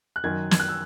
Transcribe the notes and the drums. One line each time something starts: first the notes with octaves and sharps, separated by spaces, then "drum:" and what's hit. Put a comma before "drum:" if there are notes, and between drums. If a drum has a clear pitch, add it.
F#6
F#2 D#3 F#3 G#6
G#6, drum: snare
F#6
E6